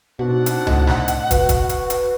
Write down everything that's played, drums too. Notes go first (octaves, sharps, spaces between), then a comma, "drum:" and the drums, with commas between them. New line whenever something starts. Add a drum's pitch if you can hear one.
B2 C4 D4 D#4 F#4 F#5
drum: hi-hat
A2 D#5, drum: tom C#2
drum: snare
drum: hi-hat
F#4 B4, drum: kick, hi-hat
drum: kick, hi-hat
drum: hi-hat
drum: hi-hat